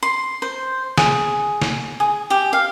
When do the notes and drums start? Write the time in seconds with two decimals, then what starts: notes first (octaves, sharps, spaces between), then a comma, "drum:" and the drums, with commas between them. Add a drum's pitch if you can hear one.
0.03 C6
0.42 C5
0.98 G#4, drum: snare
1.62 drum: snare
2.00 G#4
2.30 G4
2.53 F5